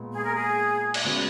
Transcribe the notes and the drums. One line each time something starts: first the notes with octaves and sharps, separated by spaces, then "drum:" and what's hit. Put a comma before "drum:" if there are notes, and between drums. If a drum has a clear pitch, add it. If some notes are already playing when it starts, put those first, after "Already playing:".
Already playing: A#2 G#3 B3
G#4
A#4
G#4
drum: cymbal
C#3 G#3 B3 F#4